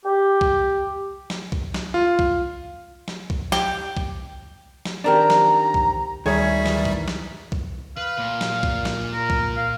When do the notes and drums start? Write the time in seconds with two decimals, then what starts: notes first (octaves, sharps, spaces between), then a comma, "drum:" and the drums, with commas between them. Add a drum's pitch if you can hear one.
0.04 G4
0.41 drum: kick B1
1.30 drum: snare
1.52 drum: kick B1
1.74 drum: snare
1.94 F4
2.19 drum: kick B1
3.08 drum: snare
3.30 drum: kick B1
3.52 G4, drum: snare
3.97 drum: kick B1
4.85 drum: snare
5.04 D#3 C4 D4 G4 A#4 D5 A#5
5.30 drum: snare
5.74 drum: kick B1
6.26 D2 D#3 G3 G#4 C#5 E5
6.66 D#3 E3, drum: snare
6.85 drum: kick B1
7.08 drum: snare
7.52 drum: kick B1
7.97 B4 F5
8.18 A#2
8.41 drum: snare
8.63 drum: kick B1
8.85 drum: snare
9.13 A#4
9.30 drum: kick B1
9.56 F5